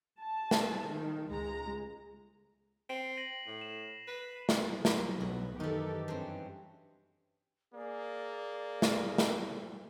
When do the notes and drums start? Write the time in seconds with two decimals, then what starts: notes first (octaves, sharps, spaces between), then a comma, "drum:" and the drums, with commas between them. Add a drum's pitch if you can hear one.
0.19 A5
0.51 drum: snare
0.88 D#3
1.29 C#2 G#3 A#5
2.90 C4 C7
3.17 A#6 D#7 F#7
3.46 A2
3.61 E7
4.08 B4
4.49 drum: snare
4.73 F#3
4.85 drum: snare
5.20 B1 B3 F#4
5.60 F#2 D#3 E3 D#4 G4 A4
6.08 G2 C4 C#4
7.74 A#3 G#4 D5
8.82 drum: snare
9.18 drum: snare